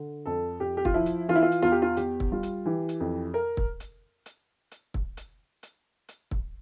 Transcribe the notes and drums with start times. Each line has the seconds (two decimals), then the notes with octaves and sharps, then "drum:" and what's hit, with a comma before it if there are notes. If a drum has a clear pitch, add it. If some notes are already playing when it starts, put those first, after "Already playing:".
Already playing: D3
0.26 F2 A4
0.60 F2 G4
0.77 G4
0.85 F4, drum: kick
0.94 F3 E4
1.06 drum: hi-hat
1.29 E3 F4
1.36 E4
1.42 F4
1.52 drum: hi-hat
1.62 E2 F4
1.72 G4
1.82 F4
1.97 E2 G4, drum: hi-hat
2.20 drum: kick
2.32 G3 F4
2.43 drum: hi-hat
2.66 E3 G4
2.89 drum: hi-hat
3.00 F2
3.34 A#4
3.57 drum: kick
3.80 drum: hi-hat
4.26 drum: hi-hat
4.71 drum: hi-hat
4.94 drum: kick
5.17 drum: hi-hat
5.63 drum: hi-hat
6.09 drum: hi-hat
6.31 drum: kick